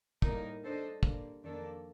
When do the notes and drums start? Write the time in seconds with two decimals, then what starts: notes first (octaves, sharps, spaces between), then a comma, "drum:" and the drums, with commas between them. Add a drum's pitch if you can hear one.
0.22 A2 G3 A#3 D#4 A#4, drum: kick
0.62 G3 D4 A4 C5 D#5
1.03 D3 G3 A#3, drum: kick
1.43 F2 D#3 A#3 D4 A4